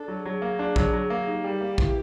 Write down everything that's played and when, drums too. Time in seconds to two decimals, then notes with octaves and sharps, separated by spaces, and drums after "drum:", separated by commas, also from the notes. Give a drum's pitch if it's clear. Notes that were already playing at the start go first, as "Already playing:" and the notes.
Already playing: D4 A4
0.08 F#3
0.25 F#3 G#4
0.42 A#3
0.59 D4
0.76 F#3, drum: kick A#1
0.93 F#3
1.10 A#3
1.27 D#4 G4
1.44 G3
1.61 A#3
1.78 E3, drum: kick A#1